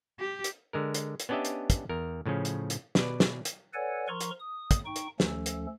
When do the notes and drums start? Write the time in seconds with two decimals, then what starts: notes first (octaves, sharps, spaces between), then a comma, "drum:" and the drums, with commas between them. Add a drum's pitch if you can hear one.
0.19 G4
0.44 drum: hi-hat
0.73 D3 G#3 A#4
0.94 drum: hi-hat
1.20 drum: hi-hat
1.29 B3 C#4 D4 G4 D#5 E5
1.45 drum: hi-hat
1.70 drum: kick, hi-hat
1.89 E2 A#4
2.26 A2 C#3 F3 C#4
2.45 drum: hi-hat
2.70 drum: hi-hat
2.95 B2 B4 D5, drum: snare
3.20 drum: snare
3.45 drum: hi-hat
3.74 A4 B4 C#5 D5 F#5 G#5
4.08 F3 A#4 A#5 C6 C#6
4.20 drum: hi-hat
4.40 D#6
4.71 drum: kick, hi-hat
4.86 D#4 G5 C#6
4.96 drum: hi-hat
5.20 D2 F3 A3 C#4 A4, drum: snare
5.46 drum: hi-hat